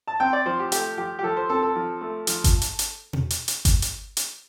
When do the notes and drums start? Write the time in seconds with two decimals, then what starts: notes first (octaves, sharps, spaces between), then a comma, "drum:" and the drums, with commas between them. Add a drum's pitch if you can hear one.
0.07 A5
0.20 C4 G5
0.33 D5
0.46 F3 C5
0.59 G4
0.72 A3 G4, drum: hi-hat
0.97 F3 G4
1.19 G4
1.23 F3 A4
1.37 C5
1.49 C4 A4
1.63 A4
1.75 F3
2.01 A3
2.27 F3, drum: hi-hat
2.44 drum: kick G1, hi-hat
2.61 drum: hi-hat
2.79 drum: hi-hat
3.13 drum: tom B2
3.30 drum: hi-hat
3.48 drum: hi-hat
3.65 drum: kick G1, hi-hat
3.82 drum: hi-hat
4.17 drum: hi-hat